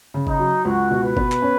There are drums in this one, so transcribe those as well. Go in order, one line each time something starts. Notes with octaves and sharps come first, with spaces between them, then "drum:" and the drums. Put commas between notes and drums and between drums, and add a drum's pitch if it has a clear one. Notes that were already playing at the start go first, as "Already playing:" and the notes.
C#3
D#4, drum: kick G1
F#3
C#2 F#4
B2
B4
B3, drum: kick G1
drum: clap
C#4